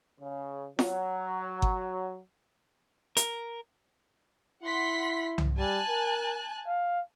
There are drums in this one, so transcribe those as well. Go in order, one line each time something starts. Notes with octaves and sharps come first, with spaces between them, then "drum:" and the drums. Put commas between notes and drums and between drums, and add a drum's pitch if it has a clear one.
C#3
F#3, drum: snare F4
drum: kick G1
A#4, drum: hi-hat
E4 F#5 C6 B6
drum: tom C2
G3 G#5 A5 F#6
A#4
F5